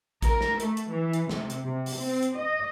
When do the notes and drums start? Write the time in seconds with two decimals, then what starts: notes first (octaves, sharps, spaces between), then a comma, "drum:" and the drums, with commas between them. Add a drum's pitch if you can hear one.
0.22 A#4, drum: kick, hi-hat
0.41 drum: snare
0.60 A3, drum: hi-hat
0.77 drum: hi-hat
0.90 E3
1.13 drum: hi-hat
1.29 C3, drum: snare
1.50 drum: hi-hat
1.64 C3
1.86 drum: open hi-hat
1.97 C4
2.23 drum: hi-hat
2.37 D#5